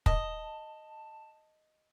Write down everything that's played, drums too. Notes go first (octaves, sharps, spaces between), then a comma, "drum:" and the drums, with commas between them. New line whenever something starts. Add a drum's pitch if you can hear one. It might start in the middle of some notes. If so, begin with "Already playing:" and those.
D#5 A5, drum: kick